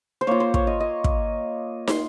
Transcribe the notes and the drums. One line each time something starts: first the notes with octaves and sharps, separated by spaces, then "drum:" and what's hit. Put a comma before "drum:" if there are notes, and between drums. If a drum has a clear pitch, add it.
C5
A#3 F4 C#5
C5
C#5, drum: kick
D#5
D#5
drum: kick
C6, drum: snare